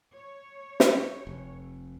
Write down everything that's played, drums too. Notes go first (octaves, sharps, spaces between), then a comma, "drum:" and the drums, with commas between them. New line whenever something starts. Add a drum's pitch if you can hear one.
C#5
drum: snare
F1